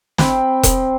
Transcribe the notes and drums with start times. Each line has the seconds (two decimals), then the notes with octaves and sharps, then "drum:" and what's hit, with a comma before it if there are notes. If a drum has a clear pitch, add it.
0.18 C4 G5 B5, drum: snare
0.63 drum: kick E1, hi-hat